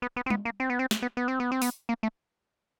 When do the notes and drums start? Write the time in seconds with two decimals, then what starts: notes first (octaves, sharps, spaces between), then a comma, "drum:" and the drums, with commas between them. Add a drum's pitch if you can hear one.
0.02 B3
0.16 B3
0.26 C4
0.30 B3, drum: tom
0.45 A#3
0.60 C4
0.70 B3
0.79 C4
0.91 drum: snare
1.02 B3
1.17 B3
1.28 C4
1.40 B3
1.52 C4
1.62 B3, drum: open hi-hat
1.89 A#3
2.03 A3